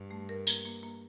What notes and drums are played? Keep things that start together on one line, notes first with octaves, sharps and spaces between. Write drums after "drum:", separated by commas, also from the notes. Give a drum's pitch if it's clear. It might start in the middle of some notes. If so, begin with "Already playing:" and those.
Already playing: G2
A3
A#4
A#3, drum: tambourine
A#3
A#3